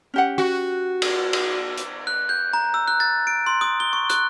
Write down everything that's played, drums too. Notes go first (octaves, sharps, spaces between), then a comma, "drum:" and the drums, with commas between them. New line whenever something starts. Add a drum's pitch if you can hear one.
C#4 G4 F#5
F#4
drum: cymbal
drum: cymbal
drum: hi-hat
F#6
G6
A#5
E6
F#6
A6
D7
C6
D#6
G7
C#6
F#6, drum: hi-hat